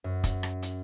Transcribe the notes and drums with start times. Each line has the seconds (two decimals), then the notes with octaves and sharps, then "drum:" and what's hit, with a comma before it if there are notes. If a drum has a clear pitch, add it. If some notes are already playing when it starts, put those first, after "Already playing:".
0.04 F#2
0.24 drum: kick, hi-hat
0.43 drum: rim click
0.62 drum: hi-hat